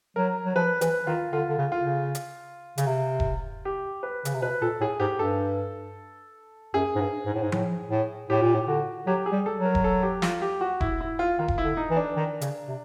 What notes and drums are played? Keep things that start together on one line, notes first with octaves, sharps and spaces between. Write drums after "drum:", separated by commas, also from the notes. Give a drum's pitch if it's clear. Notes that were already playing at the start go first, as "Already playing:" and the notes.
F#3 A#4
F#3
F3 B4
E3 B4, drum: hi-hat
D#3 F4
D3 F4
D3
C#3
F4
C#3
drum: hi-hat
C#3, drum: hi-hat
C3
drum: kick E1
G4
B4
C#3, drum: hi-hat
C3
B2 B4
A#2 A4
A2 G#4
G#2 G4
G2 A4
F#2 G#4
G#2
G2
G#2
A2
G#2
A2, drum: tom F3
A2
A2 G4
A#2
A2
D3 F#4
F#3 G4
G#4
G3
A4
F#3
A#4
drum: kick E1
A4
G4
F4, drum: snare
G4
F#4
E4, drum: kick E1
E4
F4
D#3 F4
drum: kick E1
E4
D3
D#4
E3
D4
D#3
C#3, drum: hi-hat
C3